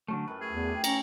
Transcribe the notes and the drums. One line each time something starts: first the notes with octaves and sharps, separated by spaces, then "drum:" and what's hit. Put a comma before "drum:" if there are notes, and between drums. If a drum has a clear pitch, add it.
D3 F#3 A3 C#4
F#2 A2 A3 B4
G#4 A4
E2
G4
C#4 A#5, drum: cymbal